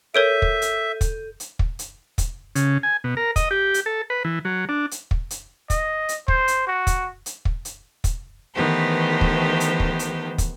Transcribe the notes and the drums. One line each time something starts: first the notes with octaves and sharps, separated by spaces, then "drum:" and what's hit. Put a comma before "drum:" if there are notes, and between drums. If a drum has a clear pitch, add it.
A4 A#4 C#5 E5 G6 D7 D#7
drum: kick
drum: hi-hat
drum: kick, hi-hat
drum: hi-hat
drum: kick
drum: hi-hat
drum: kick, hi-hat
C#3, drum: hi-hat
G#5
B2
A#4
D#5, drum: kick, hi-hat
G4
drum: hi-hat
A4
B4
E3
F#3
D4
drum: hi-hat
drum: kick
drum: hi-hat
D#5, drum: kick, hi-hat
drum: hi-hat
C5, drum: kick
drum: hi-hat
F#4
drum: kick, hi-hat
drum: hi-hat
drum: kick
drum: hi-hat
drum: kick, hi-hat
D#3 E3 A3 B3 G4 C5
drum: kick
drum: hi-hat
drum: kick
drum: hi-hat
drum: kick, hi-hat